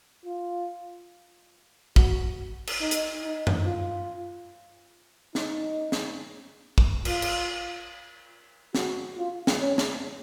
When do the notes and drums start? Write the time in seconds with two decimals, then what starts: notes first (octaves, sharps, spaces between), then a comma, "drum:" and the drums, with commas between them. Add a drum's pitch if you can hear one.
0.25 F4
1.96 F#4, drum: kick
2.67 drum: cymbal
2.81 D#4
2.91 drum: hi-hat
3.23 D#4
3.47 drum: tom F#2
3.65 F4
5.35 D#4, drum: snare
5.92 drum: snare
6.78 drum: kick
7.05 F4, drum: cymbal
7.22 drum: cymbal
8.75 F#4, drum: snare
9.17 F4
9.47 drum: snare
9.60 C#4
9.78 drum: snare